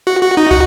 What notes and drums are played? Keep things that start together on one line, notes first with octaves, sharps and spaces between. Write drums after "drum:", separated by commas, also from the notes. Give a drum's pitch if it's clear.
F#4
F#4
D#4
F#4, drum: kick